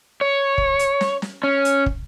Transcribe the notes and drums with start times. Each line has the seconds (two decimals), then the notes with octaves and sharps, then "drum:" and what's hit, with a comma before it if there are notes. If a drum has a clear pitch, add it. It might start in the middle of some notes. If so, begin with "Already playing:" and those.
0.21 C#5
0.58 drum: kick
0.79 drum: hi-hat
1.01 drum: snare
1.22 drum: snare
1.43 C#4
1.65 drum: hi-hat
1.86 drum: kick